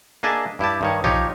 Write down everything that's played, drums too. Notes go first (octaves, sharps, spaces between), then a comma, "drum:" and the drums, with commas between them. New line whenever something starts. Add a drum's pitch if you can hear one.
A#3 D4 G#4 D#5 E5 A5
G2 E4 G4 A5
G2 D#3 C#5
F3 D#4 F4 G4 C#5, drum: tom A#1